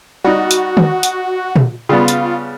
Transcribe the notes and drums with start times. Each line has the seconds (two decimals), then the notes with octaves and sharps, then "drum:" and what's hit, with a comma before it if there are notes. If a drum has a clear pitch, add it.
0.24 G3 D#4 F#4
0.51 drum: hi-hat
0.77 drum: tom
1.03 drum: hi-hat
1.56 drum: tom A#2
1.89 C#3 G3 B3 F4
2.08 drum: hi-hat